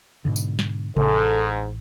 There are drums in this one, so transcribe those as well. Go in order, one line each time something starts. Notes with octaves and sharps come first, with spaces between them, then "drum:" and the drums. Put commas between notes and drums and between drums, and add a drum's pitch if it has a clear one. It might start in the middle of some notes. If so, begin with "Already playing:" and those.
G#2 B2 D3
drum: tambourine
drum: snare
A1 G#2 A4, drum: tom C3